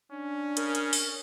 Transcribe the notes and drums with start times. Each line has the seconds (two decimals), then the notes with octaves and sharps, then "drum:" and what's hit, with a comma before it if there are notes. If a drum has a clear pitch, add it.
0.12 C#4 D4
0.57 C#3 A#4, drum: hi-hat
0.75 drum: hi-hat
0.93 drum: open hi-hat